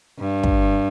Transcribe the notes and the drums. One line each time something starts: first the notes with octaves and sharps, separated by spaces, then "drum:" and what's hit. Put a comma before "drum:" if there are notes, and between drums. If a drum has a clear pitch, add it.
G2
drum: kick